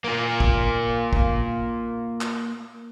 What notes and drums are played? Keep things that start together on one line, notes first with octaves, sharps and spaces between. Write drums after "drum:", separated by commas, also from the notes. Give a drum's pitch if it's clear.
A#3 F4
drum: kick
drum: kick
drum: clap